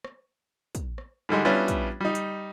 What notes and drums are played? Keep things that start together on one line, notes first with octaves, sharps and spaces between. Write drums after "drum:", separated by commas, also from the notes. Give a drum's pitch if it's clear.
drum: rim click
drum: kick, hi-hat
drum: rim click
G#2 D3 G3 G#3
G3 B3 C#4 D4 E4 F4
drum: kick, hi-hat
G3 D#4
drum: hi-hat